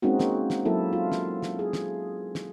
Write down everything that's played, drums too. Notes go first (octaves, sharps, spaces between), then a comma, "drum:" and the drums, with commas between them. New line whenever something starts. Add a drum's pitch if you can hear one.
G#3 A#3 C4 C#4 D#4 F#4
A#3, drum: snare
drum: snare
F#3 A#3 E4 A4
F4
drum: snare
drum: snare
G#4
drum: snare
drum: snare